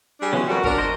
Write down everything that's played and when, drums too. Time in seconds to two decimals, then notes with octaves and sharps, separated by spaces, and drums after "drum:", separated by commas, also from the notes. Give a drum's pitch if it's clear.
0.19 G3 D4 G#4
0.33 E3 F#3 G#3 B3 C#4
0.48 F2 G3 F#4 A#4
0.64 D4 A#4, drum: kick
0.78 C5 D#5